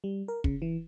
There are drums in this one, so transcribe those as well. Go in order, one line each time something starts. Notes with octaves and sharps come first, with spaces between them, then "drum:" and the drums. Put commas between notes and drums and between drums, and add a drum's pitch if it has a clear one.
G3
A#4
C#3, drum: kick
E3